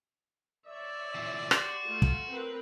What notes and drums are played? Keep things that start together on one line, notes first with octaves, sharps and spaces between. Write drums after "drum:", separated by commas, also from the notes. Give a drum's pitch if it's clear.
C#5 D5 E5
E2 A#2
F#4 G4 C6, drum: rim click
A3 F4
drum: kick
C4 A#4 B4